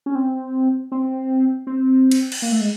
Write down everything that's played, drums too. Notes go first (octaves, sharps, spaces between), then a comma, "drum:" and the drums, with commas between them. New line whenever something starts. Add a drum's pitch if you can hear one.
C#4
C4
C4
C4
drum: cymbal
drum: cymbal
A#3
A3
G#3